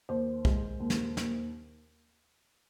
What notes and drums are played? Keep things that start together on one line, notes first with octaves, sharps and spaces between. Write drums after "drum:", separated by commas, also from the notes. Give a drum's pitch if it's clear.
D#2 C5
G#3, drum: kick
D#2
drum: snare
D#2, drum: snare